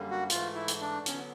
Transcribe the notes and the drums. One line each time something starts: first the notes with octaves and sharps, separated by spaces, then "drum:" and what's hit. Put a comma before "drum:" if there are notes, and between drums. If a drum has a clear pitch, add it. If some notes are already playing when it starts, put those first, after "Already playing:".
Already playing: F#2 D3 G3 A#3
F#4
G#2 E3 A3 F4, drum: hi-hat
E4
drum: hi-hat
D4
D3 F#3 B3 C#4, drum: hi-hat